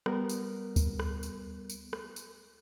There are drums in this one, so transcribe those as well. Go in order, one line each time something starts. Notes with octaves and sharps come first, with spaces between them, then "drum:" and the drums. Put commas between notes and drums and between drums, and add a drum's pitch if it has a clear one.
G3 B3 A#4, drum: rim click
drum: tambourine
drum: kick D2, tambourine
drum: rim click
drum: tambourine
drum: tambourine
drum: rim click
drum: tambourine